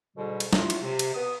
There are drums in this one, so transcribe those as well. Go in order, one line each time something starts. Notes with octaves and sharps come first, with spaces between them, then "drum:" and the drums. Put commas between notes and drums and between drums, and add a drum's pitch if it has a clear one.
D2 G#2 B2 D3 G3
drum: cymbal
F#3 E4 F4, drum: snare
drum: cymbal
C3
drum: cymbal
B3 B4 D#6